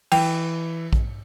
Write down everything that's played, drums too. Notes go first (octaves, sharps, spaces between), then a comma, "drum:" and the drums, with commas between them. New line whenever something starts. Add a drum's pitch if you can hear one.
E3 G5, drum: cymbal
drum: kick A#1